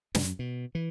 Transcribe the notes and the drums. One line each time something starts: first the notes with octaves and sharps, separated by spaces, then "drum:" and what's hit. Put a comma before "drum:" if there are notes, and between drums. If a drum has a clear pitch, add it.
F#2, drum: snare
B2
E3